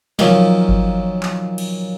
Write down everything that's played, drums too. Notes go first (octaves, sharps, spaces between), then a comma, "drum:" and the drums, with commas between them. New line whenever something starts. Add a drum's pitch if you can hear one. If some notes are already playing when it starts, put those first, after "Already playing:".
A#2 D#3 F3 F#3 C#4, drum: snare
drum: kick G1
drum: clap
drum: cymbal